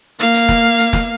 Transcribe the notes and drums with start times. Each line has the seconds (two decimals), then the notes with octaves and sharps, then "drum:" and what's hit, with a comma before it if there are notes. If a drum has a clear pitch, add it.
0.19 A#3 F5, drum: hi-hat
0.34 drum: hi-hat
0.49 drum: snare
0.78 drum: hi-hat
0.93 drum: snare